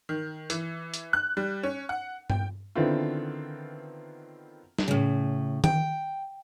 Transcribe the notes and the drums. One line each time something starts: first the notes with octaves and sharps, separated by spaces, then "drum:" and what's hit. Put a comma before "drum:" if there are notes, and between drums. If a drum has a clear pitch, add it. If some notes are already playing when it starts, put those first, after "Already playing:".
D#3
E3, drum: hi-hat
drum: hi-hat
F#6
G3
C#4
F#5
G5, drum: tom G2
D3 D#3 B3 C4 E4 F4
drum: snare
A2 C#3
G5, drum: tom D#3